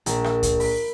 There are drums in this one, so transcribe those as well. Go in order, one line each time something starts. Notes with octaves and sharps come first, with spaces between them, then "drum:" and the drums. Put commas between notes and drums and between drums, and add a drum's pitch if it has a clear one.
A#1, drum: hi-hat
drum: rim click
drum: kick C#2, hi-hat
B5, drum: open hi-hat